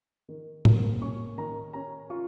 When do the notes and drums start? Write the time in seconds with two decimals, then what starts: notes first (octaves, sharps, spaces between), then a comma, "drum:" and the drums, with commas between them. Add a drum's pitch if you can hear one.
0.29 D#3
0.65 A#3, drum: tom A2
1.01 C#4 C#6
1.38 D#3 A#5
1.73 C#4 A#5
2.10 F4 C#6